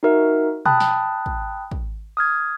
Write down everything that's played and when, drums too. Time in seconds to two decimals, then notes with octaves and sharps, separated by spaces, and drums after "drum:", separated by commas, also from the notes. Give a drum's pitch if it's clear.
0.03 D#4 F#4 A#4 E5
0.65 G5 A5 B5 D#6 F#6, drum: tom B2
0.80 drum: snare
1.26 drum: kick
1.71 drum: kick
2.17 D#6 F6 G#6